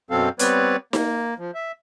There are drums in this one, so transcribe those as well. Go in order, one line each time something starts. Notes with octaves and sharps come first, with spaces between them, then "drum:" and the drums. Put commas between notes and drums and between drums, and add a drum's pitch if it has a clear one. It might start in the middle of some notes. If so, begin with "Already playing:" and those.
F#2 B2 F#3 C4 A4 F5
G3 B3 C4 B4 C#5 D5, drum: hi-hat
A#3, drum: snare D#4
F3
E5